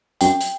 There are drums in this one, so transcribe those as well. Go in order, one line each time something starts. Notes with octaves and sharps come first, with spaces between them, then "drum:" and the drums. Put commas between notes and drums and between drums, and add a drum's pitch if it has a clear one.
F#2 G5, drum: hi-hat
drum: hi-hat